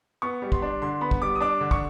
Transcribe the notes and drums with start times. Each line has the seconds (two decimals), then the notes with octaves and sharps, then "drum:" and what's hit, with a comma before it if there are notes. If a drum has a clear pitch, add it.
0.22 B3 C#6
0.42 G3
0.52 C6, drum: kick
0.62 D4
0.82 D3 C6
1.01 B3 B5
1.11 drum: kick
1.21 G3 D6
1.36 D#6
1.40 D4 D6
1.60 D3
1.71 C#6, drum: kick